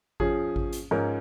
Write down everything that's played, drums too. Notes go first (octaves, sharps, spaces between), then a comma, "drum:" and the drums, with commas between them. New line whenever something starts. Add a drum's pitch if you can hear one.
F3 C#4 G#4, drum: kick G#1
drum: kick G#1
drum: hi-hat
G#2 F3 C#4 A#4